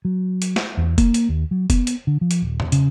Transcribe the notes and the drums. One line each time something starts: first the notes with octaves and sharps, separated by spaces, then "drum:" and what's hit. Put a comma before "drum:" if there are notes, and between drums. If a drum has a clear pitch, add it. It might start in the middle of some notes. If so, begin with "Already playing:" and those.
F#3
drum: hi-hat
drum: snare
E2
A#3, drum: kick F1, hi-hat
drum: hi-hat
D#2
F#3
B3, drum: kick F1, hi-hat
drum: hi-hat
D3
F3
drum: hi-hat
D#1
drum: tom E2
C#3, drum: hi-hat